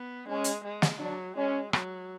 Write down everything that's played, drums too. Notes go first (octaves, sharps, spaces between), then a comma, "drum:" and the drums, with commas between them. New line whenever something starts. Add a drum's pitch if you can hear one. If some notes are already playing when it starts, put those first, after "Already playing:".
Already playing: B3
G#3 C#4
drum: hi-hat
G#3
drum: snare
F#3 D4
G#3 C#4
F#3, drum: rim click